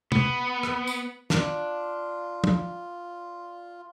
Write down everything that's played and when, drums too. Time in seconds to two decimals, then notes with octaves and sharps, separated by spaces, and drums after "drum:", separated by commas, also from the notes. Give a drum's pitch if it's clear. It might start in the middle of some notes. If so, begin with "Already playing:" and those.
0.12 B3, drum: tom
0.63 drum: rim click
0.87 drum: tambourine
1.30 D4 F4, drum: snare
2.44 drum: tom